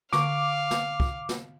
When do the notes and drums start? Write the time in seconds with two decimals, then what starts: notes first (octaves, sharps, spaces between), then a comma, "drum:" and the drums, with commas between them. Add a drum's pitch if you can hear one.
0.13 D3 F5 C#6 D6, drum: snare
0.71 drum: snare
1.00 drum: kick
1.29 drum: snare